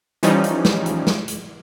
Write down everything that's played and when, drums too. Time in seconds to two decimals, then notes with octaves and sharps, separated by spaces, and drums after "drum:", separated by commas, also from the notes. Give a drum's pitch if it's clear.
0.23 E3 F3 G3 C#4 D#4, drum: hi-hat
0.44 drum: hi-hat
0.65 drum: snare
0.86 drum: hi-hat
1.07 drum: snare
1.28 drum: hi-hat